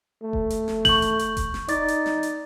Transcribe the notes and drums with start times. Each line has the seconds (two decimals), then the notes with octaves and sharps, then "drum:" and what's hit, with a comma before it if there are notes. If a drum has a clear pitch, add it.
0.23 A3
0.33 drum: kick F1
0.50 drum: hi-hat
0.68 drum: snare
0.85 C#6 G6 F#7, drum: kick F1, open hi-hat
1.02 drum: hi-hat
1.19 drum: hi-hat
1.37 drum: kick F1, hi-hat
1.54 drum: snare
1.68 D#4 D5 D6 A6, drum: hi-hat
1.88 drum: hi-hat
2.06 drum: snare
2.23 drum: hi-hat